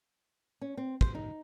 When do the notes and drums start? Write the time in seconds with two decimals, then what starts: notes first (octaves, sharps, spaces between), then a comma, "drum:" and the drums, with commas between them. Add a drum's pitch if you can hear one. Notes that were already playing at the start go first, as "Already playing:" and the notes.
0.61 C#4
0.77 C4
1.01 C5, drum: kick
1.15 D#4